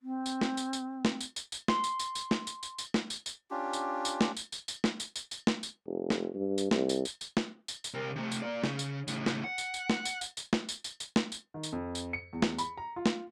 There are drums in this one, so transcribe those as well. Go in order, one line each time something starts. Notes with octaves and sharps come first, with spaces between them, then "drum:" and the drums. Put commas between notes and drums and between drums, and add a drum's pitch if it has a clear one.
C4
drum: tambourine
drum: snare
drum: tambourine
drum: tambourine
drum: snare
drum: tambourine
drum: tambourine
drum: tambourine
C6, drum: snare
drum: tambourine
drum: tambourine
drum: tambourine
drum: snare
drum: tambourine
drum: tambourine
drum: tambourine
drum: snare
drum: tambourine
drum: tambourine
C#4 D4 F4 G4
drum: tambourine
drum: tambourine
drum: snare
drum: tambourine
drum: tambourine
drum: tambourine
drum: snare
drum: tambourine
drum: tambourine
drum: tambourine
drum: snare
drum: tambourine
F1
drum: snare
G2
drum: tambourine
C2, drum: snare
drum: tambourine
drum: tambourine
drum: tambourine
drum: snare
drum: tambourine
drum: tambourine
C3 A#4
C3 A3
drum: tambourine
A#3 D5
C#3, drum: snare
drum: tambourine
A2 C#3, drum: tambourine
drum: snare
F#5
drum: tambourine
drum: tambourine
drum: snare
drum: tambourine
drum: tambourine
drum: tambourine
drum: snare
drum: tambourine
drum: tambourine
drum: tambourine
drum: snare
drum: tambourine
D#3
drum: tambourine
F2
drum: tambourine
C#7
E2
drum: snare
B5, drum: tambourine
A#5
F4
drum: snare